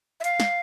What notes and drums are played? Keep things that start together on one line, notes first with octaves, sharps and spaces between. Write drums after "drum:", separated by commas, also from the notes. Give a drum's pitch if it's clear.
E5
F5, drum: hi-hat
drum: snare